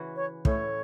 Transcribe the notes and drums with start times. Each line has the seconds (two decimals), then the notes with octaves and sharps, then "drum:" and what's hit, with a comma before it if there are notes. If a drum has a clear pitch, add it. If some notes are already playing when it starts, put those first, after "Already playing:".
Already playing: C#3 E3 C#4 F#4
0.15 C#5
0.45 A2 A3 C#4 C#5, drum: kick